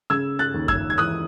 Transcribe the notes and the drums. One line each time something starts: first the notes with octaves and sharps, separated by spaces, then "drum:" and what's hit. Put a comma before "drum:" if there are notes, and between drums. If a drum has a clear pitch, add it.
C#3 E6 G#6
F#6 A6
D#2
E6 G#6, drum: kick F#2
G#6
E3 D#6 F#6